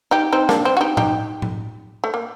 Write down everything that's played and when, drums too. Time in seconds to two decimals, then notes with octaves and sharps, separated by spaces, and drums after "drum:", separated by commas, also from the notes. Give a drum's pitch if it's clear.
0.11 D#4 G4
0.33 C4 D#4
0.49 A#3 D4, drum: snare
0.65 C4
0.77 F#4
0.81 D#4 G4
0.97 D#4 G4, drum: tom A2
1.42 drum: tom A2
2.04 A3
2.14 A#3